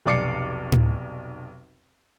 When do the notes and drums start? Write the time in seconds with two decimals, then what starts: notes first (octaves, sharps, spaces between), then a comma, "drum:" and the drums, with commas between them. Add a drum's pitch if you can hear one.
0.05 F1 B1 D5 D6 C7 C#7
0.72 drum: tom A2